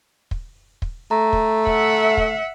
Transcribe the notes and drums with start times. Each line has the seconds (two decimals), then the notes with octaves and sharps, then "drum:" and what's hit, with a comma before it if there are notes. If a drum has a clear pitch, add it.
0.31 drum: kick
0.82 drum: kick
1.11 A3 A#5
1.33 drum: kick
1.67 E5 F#5, drum: kick
2.17 drum: kick